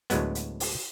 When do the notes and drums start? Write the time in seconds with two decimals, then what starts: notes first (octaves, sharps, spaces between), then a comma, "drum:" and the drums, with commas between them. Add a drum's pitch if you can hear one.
0.10 D2 A2 F#3 G#3 B3, drum: hi-hat
0.35 drum: hi-hat
0.60 drum: open hi-hat